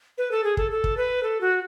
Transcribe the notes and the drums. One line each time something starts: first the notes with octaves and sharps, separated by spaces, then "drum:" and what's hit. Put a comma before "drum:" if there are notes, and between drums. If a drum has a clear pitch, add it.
B4
A4
G#4
A4, drum: kick
A4
drum: kick
B4
A4
F#4